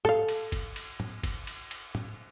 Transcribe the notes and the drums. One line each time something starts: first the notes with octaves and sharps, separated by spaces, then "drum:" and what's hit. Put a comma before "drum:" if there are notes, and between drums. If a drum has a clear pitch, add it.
A4 F5, drum: tom
drum: cymbal
drum: kick, cymbal
drum: cymbal
drum: tom
drum: kick, cymbal
drum: cymbal
drum: cymbal
drum: tom